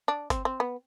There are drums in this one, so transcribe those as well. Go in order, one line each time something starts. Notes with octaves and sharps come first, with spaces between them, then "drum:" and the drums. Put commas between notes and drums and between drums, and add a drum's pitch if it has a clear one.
D4
C4, drum: kick G1, hi-hat
C4
B3